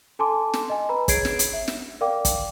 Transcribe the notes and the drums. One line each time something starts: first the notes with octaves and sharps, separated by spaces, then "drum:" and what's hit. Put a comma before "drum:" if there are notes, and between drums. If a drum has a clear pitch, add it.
A4 G#5 A5 C6 D6
drum: snare
D#5 G#5
B4 A#5 B5
G#4 C#5 G#6 C7 D7, drum: kick, hi-hat
drum: snare
drum: hi-hat
E5
drum: snare
A#4 D5 F5 G5 D6
drum: kick, hi-hat